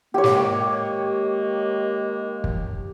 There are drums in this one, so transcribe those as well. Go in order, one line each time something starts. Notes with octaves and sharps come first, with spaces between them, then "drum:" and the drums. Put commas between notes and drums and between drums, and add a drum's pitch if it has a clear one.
D#3 G#3 A#3 G4 C#5
drum: snare
drum: kick